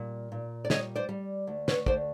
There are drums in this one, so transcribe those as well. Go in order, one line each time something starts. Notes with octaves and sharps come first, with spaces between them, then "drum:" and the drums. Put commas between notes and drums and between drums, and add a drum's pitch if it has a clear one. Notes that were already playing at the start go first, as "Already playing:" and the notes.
Already playing: A#2 G3
A#2
D5
G3 C#5 D#5, drum: snare
C5 D5
G3
D2
B4 C#5, drum: snare
D2 C5 D5, drum: kick